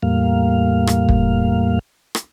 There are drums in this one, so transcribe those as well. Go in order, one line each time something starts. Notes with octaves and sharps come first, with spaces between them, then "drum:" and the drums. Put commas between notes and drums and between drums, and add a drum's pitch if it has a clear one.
E2 A2 G3 A#3 F5
drum: rim click
drum: kick
drum: rim click